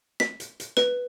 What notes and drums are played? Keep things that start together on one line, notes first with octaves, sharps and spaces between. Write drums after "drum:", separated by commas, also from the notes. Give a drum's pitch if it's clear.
B6, drum: snare
drum: hi-hat
drum: hi-hat
B4, drum: snare